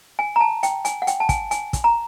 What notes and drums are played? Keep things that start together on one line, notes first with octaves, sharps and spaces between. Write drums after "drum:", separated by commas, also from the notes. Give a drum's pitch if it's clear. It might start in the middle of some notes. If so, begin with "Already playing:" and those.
G#5
A#5
A5
G5, drum: hi-hat
G#5, drum: hi-hat
F#5
G5, drum: hi-hat
A5
G#5, drum: kick, hi-hat
G#5, drum: hi-hat
drum: kick, hi-hat
A#5